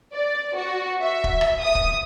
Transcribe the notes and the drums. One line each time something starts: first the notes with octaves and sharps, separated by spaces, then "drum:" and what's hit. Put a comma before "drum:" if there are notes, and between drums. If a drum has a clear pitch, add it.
D5
F#4
E5
drum: kick
drum: rim click
D#6
drum: kick